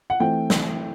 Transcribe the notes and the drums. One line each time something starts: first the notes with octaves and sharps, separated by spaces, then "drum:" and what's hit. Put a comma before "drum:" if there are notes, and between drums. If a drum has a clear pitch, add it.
F#5
E3 A3 C4 G5
drum: snare